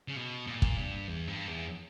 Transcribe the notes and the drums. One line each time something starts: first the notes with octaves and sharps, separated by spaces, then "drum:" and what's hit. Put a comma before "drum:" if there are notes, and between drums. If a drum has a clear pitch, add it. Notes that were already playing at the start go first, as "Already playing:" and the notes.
C#3
B2
A#2
drum: kick
G2
E2
G2
E2